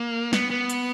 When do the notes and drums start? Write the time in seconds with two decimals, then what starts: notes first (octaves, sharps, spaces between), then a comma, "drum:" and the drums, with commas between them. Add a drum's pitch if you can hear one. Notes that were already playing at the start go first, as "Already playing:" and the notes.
Already playing: A#3
0.33 B3, drum: snare
0.50 B3
0.70 drum: hi-hat